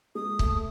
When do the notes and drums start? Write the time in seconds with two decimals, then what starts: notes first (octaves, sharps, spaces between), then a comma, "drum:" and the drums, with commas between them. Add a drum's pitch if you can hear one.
0.15 G#3 D#6
0.39 A3, drum: kick